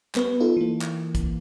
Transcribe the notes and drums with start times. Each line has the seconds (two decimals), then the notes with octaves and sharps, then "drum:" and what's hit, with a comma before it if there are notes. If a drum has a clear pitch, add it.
0.15 G3 B3 B4, drum: clap
0.40 D#4 F4 A4
0.57 E3 A#3
0.81 drum: clap
1.15 drum: kick, hi-hat